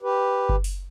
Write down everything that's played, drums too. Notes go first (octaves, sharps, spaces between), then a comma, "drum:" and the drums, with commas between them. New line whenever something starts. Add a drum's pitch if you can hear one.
G4 B4
drum: kick F#1
drum: open hi-hat